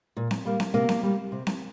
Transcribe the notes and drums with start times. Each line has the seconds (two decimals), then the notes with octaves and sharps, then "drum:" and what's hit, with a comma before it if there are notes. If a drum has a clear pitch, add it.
0.17 A#2
0.31 drum: snare C4
0.45 G3 A#3
0.60 drum: snare C4
0.74 C3 A#3
0.89 drum: snare C4
1.03 G3 A#3
1.32 C3
1.47 drum: snare C4